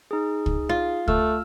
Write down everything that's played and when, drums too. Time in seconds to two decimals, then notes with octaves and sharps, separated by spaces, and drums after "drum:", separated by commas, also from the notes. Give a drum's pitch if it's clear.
0.11 D#4 G#4
0.46 drum: kick
0.69 F4
1.08 A3 E6 F6, drum: kick